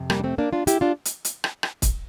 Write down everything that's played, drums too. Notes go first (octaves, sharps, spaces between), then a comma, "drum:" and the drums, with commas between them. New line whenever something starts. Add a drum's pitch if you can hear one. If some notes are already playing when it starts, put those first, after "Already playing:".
Already playing: F2 C3
G3 A#3, drum: rim click
D4
A3 C4
A#3 D4
D4 F4
E4 G4, drum: hi-hat
D4 F4
drum: hi-hat
drum: hi-hat
drum: rim click
drum: rim click
drum: kick, hi-hat